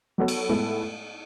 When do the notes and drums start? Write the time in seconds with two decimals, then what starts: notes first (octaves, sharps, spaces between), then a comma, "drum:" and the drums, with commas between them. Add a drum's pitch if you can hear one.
0.18 F#3 B3 F#4 A4 C#5
0.28 drum: cymbal
0.49 A2 G#3 B3 E4 A4